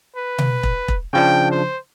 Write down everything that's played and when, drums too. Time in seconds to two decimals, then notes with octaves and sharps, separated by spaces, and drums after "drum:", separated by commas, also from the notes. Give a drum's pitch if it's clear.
0.16 B4
0.38 drum: tom B2
0.63 drum: kick E1
0.88 drum: kick E1
1.13 C#3 F3 D4 G5
1.51 C5